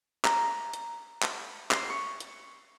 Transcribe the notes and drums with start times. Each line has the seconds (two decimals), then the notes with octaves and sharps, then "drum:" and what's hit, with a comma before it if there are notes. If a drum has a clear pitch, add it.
0.25 A#5, drum: clap
0.73 drum: hi-hat
1.22 drum: clap
1.71 C6, drum: clap
1.90 C#6
2.20 drum: hi-hat